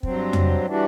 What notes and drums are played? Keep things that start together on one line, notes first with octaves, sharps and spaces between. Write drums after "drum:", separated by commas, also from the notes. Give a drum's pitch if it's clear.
G2 F#3 C4, drum: kick
drum: tom F2
E3 G3 D4 F#4